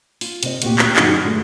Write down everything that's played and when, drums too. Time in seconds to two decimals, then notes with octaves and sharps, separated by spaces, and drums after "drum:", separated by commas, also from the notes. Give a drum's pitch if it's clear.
0.21 F4, drum: open hi-hat
0.43 C3 D#5, drum: hi-hat
0.62 D2 A#2 G4, drum: hi-hat
0.79 drum: clap
0.96 F#2 D3 F#3 D4 D#4 G#4, drum: clap
1.23 G2 G#3 A3